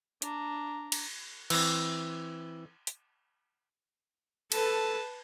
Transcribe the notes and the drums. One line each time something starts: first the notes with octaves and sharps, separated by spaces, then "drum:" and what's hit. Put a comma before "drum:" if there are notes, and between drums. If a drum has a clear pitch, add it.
D4 A#5, drum: hi-hat
drum: cymbal
E3 C4, drum: cymbal
drum: hi-hat
A4 B4 A5, drum: cymbal